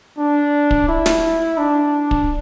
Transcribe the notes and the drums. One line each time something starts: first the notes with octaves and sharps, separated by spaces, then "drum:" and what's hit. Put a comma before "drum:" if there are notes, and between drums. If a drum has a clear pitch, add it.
D4
drum: kick
E4
drum: snare
D4
drum: kick